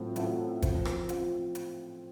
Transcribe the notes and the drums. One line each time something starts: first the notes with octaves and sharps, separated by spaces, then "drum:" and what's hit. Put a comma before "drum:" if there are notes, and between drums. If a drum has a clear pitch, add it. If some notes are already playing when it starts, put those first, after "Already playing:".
Already playing: A2 F#3 A3 C4 F4
A2 F#3 A3 C4 F4, drum: hi-hat
F3 C4 F4 C5, drum: kick, hi-hat
drum: rim click
F3 C4 F4 C5, drum: hi-hat
drum: hi-hat